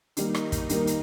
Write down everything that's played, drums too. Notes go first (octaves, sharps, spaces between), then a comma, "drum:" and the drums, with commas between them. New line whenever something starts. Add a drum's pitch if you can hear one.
D#3 G3 A#3 D#4, drum: hi-hat
drum: rim click
drum: kick, hi-hat
D#3 G3 A#3 D#4, drum: hi-hat
drum: hi-hat